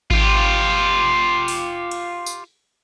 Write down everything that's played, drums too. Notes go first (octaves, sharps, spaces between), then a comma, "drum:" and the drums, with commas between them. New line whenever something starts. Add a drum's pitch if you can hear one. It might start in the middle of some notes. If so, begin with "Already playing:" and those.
F4 G4, drum: kick G#1
drum: open hi-hat
drum: cymbal
drum: tambourine